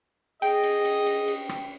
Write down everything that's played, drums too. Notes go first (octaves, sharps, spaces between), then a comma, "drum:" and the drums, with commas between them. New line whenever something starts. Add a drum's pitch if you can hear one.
G#4 D#5 G5, drum: cymbal
drum: cymbal
drum: cymbal
drum: cymbal
drum: cymbal
drum: rim click